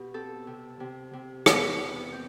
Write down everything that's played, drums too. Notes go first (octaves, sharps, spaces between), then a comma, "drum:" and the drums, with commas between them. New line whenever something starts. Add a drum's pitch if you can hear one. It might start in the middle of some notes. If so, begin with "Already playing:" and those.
Already playing: B2 G4
C4 A4
C3
C3
C3
E2 B4, drum: rim click
C3
C4